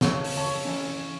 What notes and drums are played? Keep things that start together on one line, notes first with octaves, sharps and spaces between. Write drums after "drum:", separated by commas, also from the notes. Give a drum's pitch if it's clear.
A4 C#5 F5, drum: snare
drum: open hi-hat
C#5 A5
E3 C#4